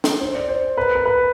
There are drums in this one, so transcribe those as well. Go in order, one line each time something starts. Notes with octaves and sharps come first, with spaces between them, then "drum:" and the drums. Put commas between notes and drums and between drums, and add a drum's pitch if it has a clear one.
drum: snare
C5
D5
C5
B4
B4
B4